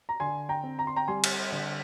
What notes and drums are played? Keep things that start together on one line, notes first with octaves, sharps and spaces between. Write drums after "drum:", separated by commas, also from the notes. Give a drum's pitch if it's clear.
A#5
D3 G#5 C6
G5 A#5
C4
A#5
C6
G5 A#5
G3 G#5 C6
drum: cymbal
D3